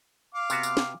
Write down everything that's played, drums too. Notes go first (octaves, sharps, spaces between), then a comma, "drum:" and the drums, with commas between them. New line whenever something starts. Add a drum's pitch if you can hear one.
F5 D6
C3 B3 F#4, drum: tambourine
drum: tambourine
drum: snare